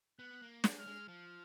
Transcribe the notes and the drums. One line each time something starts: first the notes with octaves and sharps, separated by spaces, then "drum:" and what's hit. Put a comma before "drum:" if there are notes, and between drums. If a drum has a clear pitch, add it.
B3 F#6
A#3
G#3, drum: snare
F6
G#3
F3 F6